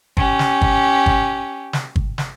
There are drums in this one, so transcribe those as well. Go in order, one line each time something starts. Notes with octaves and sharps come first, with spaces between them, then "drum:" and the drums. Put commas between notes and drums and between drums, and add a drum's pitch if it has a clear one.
C#4 G4, drum: kick G1
drum: snare
drum: kick G1
drum: kick G1
drum: snare
drum: kick G1
drum: snare